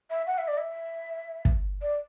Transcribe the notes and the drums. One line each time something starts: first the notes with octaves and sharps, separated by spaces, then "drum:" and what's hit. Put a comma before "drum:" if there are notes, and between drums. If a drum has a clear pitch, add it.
E5
F#5
E5
D5
E5
drum: kick
D5